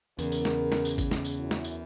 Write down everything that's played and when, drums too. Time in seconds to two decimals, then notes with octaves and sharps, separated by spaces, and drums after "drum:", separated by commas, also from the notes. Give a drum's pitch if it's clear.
0.19 E2 C#3 A#4, drum: tambourine
0.32 drum: tambourine
0.45 drum: snare
0.72 drum: snare
0.85 drum: tambourine
0.98 drum: kick G#1, tambourine
1.11 drum: snare
1.25 drum: tambourine
1.39 F#2 E4
1.51 drum: snare
1.64 drum: tambourine